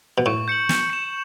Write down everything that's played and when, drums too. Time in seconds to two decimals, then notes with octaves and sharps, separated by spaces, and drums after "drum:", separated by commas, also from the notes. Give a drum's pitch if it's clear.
0.18 B2
0.26 A2 C#6
0.48 G6 C#7 F#7
0.69 G6, drum: snare
0.90 C#7 E7